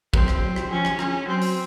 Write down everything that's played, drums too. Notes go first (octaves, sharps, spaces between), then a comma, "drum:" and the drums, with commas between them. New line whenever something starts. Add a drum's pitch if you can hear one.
F#3 C4, drum: kick
drum: rim click
F#3
drum: rim click
F3 C#4
drum: rim click
C#4, drum: rim click
F#3 C4
drum: open hi-hat